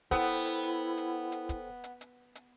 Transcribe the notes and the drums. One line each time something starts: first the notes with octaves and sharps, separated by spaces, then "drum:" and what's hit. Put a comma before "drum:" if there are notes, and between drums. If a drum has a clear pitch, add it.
B3 E4 A4 C5 G5, drum: kick, hi-hat
drum: hi-hat
drum: hi-hat
drum: hi-hat
drum: hi-hat
drum: kick, hi-hat
drum: hi-hat
drum: hi-hat
drum: hi-hat